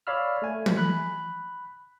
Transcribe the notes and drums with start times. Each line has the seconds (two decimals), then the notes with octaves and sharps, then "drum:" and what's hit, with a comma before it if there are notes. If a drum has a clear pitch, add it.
0.07 C#5 D5 F5 B5 E6 F6
0.42 A3 G#5
0.66 drum: tom
0.77 B5 F#6